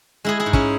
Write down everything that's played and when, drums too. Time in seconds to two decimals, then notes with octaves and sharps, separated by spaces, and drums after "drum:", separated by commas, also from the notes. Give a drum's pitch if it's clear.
0.25 G#3 E4 G#4
0.40 E4 G#4
0.46 G#2
0.53 C#4 E4, drum: kick